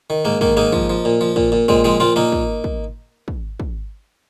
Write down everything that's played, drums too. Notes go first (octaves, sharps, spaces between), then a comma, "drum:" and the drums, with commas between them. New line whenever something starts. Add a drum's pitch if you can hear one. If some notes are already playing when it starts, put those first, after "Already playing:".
D#3
G#2 A#3
D#3 A#3, drum: kick
G#2 A#3 D#4
F3, drum: kick
F3
A#2
F3
A#2, drum: kick
A#2
A#2 G#3 C4, drum: kick
F3 G#3 C4
A#2 C4 F4
A#2 A#3 D#4
drum: kick
drum: kick
drum: kick
drum: kick